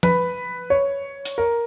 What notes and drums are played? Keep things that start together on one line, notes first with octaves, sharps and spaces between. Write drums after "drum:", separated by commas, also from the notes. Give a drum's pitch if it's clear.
B4, drum: tom
C#5
drum: hi-hat
A#4